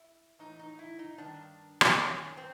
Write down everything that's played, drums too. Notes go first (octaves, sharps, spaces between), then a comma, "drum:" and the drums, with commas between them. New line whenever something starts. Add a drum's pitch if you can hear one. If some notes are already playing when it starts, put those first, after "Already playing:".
Already playing: E4
A2 E3 D#4
D#4
E4
D#4
G2 D#3 D4
drum: rim click
F#2 D#3 C#4
C4